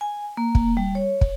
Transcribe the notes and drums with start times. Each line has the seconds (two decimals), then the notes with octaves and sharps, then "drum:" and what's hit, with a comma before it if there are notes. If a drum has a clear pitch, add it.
0.01 G#5
0.37 A#3
0.55 drum: kick
0.77 G3
0.95 C#5
1.21 drum: kick